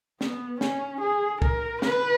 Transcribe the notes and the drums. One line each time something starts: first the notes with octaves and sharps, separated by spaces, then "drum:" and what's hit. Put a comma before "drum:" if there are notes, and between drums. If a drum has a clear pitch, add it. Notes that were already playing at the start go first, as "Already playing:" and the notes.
B3, drum: snare
C#4, drum: snare
G#4
A#4, drum: kick
B4, drum: snare